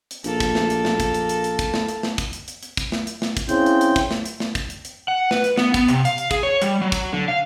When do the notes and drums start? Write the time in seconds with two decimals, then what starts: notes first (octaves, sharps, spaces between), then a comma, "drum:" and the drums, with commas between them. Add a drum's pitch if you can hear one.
0.11 drum: hi-hat
0.24 A#1 A#3 A4, drum: hi-hat
0.40 drum: kick, hi-hat
0.55 drum: snare
0.70 drum: hi-hat
0.85 drum: snare
1.00 drum: kick, hi-hat
1.14 drum: hi-hat
1.29 drum: hi-hat
1.44 drum: hi-hat
1.59 drum: kick, hi-hat
1.74 drum: snare
1.89 drum: hi-hat
2.03 drum: snare
2.18 drum: kick, hi-hat
2.33 drum: hi-hat
2.48 drum: hi-hat
2.63 drum: hi-hat
2.77 drum: kick, hi-hat
2.92 drum: snare
3.07 drum: hi-hat
3.22 drum: snare
3.37 drum: kick, hi-hat
3.49 C#3 C4 E4 G6, drum: hi-hat
3.66 drum: hi-hat
3.81 drum: hi-hat
3.96 drum: kick, hi-hat
4.11 drum: snare
4.26 drum: hi-hat
4.40 drum: snare
4.55 drum: kick, hi-hat
4.70 drum: hi-hat
4.85 drum: hi-hat
5.08 F#5
5.31 B4, drum: snare
5.44 drum: hi-hat
5.58 B3, drum: snare
5.74 B3, drum: kick, hi-hat
5.88 C3, drum: hi-hat
6.05 F5, drum: hi-hat
6.18 drum: hi-hat
6.31 G#4, drum: kick, hi-hat
6.43 C#5
6.62 G3, drum: hi-hat
6.81 F#3
6.92 drum: kick, hi-hat
7.13 D3
7.28 F5